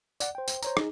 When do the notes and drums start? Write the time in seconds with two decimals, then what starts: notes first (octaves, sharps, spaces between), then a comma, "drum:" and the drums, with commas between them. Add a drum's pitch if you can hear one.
0.20 D5 F#5, drum: tambourine
0.35 C5 G5
0.48 drum: tambourine
0.62 C5 C#5 A#5, drum: tambourine
0.77 D#4 G#4, drum: rim click